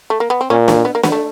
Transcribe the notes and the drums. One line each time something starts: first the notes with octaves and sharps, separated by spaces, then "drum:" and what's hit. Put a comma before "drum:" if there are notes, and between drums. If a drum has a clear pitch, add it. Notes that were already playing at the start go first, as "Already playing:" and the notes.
A3
A#3
B3
C4
A#2 C#4
D4, drum: snare
B3
A#3
B3, drum: snare
A3